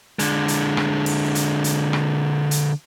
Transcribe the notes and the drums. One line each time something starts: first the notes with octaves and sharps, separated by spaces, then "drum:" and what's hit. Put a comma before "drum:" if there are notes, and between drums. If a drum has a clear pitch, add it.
D3 G#3, drum: hi-hat
drum: hi-hat
drum: rim click
drum: open hi-hat
drum: hi-hat
drum: hi-hat
drum: rim click
drum: hi-hat